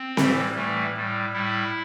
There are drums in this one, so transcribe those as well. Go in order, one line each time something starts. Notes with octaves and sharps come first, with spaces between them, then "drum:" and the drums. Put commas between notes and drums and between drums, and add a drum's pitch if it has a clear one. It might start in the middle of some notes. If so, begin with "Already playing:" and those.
Already playing: C4
A2 E3 G3, drum: snare C4
A2 E3 G3 A3
A2 G3
A2 G3 E4